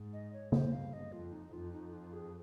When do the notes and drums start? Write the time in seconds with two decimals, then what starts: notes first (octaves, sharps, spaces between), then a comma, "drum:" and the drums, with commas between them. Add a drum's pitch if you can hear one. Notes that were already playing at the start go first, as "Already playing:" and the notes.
Already playing: G#2
0.13 D#5
0.33 C#5
0.52 C5, drum: tom C#3
0.73 G2 F5
0.93 D#5
1.12 F2 F4
1.32 D#4
1.53 F2 F4
1.73 D#4
1.93 F4
2.13 G#4